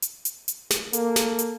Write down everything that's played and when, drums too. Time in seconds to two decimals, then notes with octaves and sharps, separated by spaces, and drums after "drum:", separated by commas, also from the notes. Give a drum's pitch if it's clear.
0.02 drum: hi-hat
0.25 drum: hi-hat
0.48 drum: hi-hat
0.70 drum: snare
0.93 A#3 A4, drum: hi-hat
1.16 drum: snare
1.39 drum: hi-hat